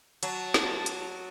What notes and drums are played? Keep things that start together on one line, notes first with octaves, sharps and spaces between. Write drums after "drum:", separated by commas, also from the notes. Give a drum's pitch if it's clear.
F#3 A5, drum: hi-hat
drum: snare
drum: hi-hat